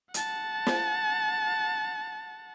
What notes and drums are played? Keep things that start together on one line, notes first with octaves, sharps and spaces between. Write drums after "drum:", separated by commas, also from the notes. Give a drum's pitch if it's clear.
F#5 A5, drum: hi-hat
drum: snare